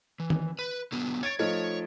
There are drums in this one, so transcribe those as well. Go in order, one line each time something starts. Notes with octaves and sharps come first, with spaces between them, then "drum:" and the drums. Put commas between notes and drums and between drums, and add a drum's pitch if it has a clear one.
E3
drum: tom D#3
B4
D3 F#3 B3
C#5 G#6 A6 D7
F3 A3 D#4 C#5